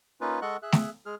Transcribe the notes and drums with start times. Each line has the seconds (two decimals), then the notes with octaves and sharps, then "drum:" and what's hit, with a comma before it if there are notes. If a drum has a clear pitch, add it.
0.21 A#3 C#4 D#4 F4 B4
0.42 G#3 A4 D#5 F#5 C#6 F#6
0.63 G#4 E5 F#6
0.72 drum: snare A3
1.06 G#3 G#4 F6